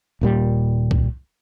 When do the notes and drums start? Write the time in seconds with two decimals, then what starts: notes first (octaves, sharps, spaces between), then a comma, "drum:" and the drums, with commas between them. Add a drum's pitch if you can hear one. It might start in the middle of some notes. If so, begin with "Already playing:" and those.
0.21 D#1 A#2 G3
0.91 drum: kick C2